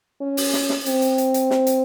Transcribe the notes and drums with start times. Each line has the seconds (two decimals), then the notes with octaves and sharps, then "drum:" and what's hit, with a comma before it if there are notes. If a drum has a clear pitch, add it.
0.21 C#4
0.37 drum: open hi-hat
0.53 drum: snare
0.70 drum: snare
0.86 C4, drum: hi-hat
1.02 drum: hi-hat
1.18 drum: hi-hat
1.34 drum: hi-hat
1.50 drum: snare
1.67 drum: hi-hat